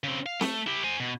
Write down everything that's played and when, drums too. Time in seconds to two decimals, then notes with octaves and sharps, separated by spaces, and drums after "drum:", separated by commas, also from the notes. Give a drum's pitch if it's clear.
0.04 C#3 C4
0.26 F5
0.41 A3, drum: snare C4
0.67 E4 G4
0.84 C5 G#5
1.00 B2